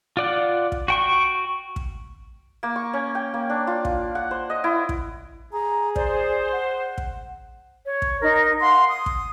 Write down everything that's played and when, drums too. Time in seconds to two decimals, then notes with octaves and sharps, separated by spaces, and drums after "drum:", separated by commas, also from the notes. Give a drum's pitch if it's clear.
0.17 F4 D5 F#5
0.72 drum: kick
0.88 F#4 G5 C#6
1.76 drum: kick
2.63 A#3
2.76 C#6
2.94 C#4
3.15 G5
3.34 A#3
3.50 D4
3.67 F4
3.85 drum: kick
4.15 F#5
4.31 C5
4.50 D#5
4.64 E4
4.89 drum: kick
5.53 G#4 A#5
5.96 C5 D5, drum: kick
6.52 F#5
6.98 drum: kick
7.85 C#5
8.02 drum: kick
8.22 D#4 A#4
8.61 F5 F#5 C6
8.88 D#6
9.06 drum: kick